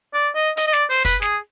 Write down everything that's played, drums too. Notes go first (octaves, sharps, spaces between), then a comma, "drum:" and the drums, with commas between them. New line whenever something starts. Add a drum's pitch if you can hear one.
D5
D#5
D#5, drum: hi-hat
D#5
D5, drum: snare
C5, drum: open hi-hat
B4, drum: kick, hi-hat
G#4, drum: snare